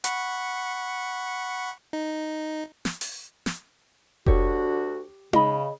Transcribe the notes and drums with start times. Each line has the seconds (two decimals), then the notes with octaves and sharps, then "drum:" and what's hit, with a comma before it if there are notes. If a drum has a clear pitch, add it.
0.04 F#5 B5 C#6, drum: hi-hat
1.93 D#4
2.85 drum: snare
3.01 drum: open hi-hat
3.46 drum: snare
4.26 D2 D3 F#4 G4 C#5, drum: kick F1
5.33 C#3 D#5 B5, drum: tom D#4